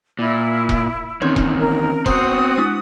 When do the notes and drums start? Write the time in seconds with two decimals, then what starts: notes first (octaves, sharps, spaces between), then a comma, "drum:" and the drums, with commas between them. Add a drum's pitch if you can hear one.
0.19 A#2 E4
0.69 drum: kick E1
1.22 E2 D#3 C4 C#4 C#5
1.36 drum: kick E1
1.59 A#4
2.06 B3 C4 F#4 C5 C6 D#6, drum: kick E1
2.58 G#3 D4 E4